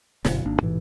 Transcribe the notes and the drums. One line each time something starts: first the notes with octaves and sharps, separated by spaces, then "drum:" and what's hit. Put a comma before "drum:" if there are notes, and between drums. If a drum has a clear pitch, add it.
G1 F#2 B2 D3, drum: snare
G#1 A#3 D4
A1 G#2 B2 E3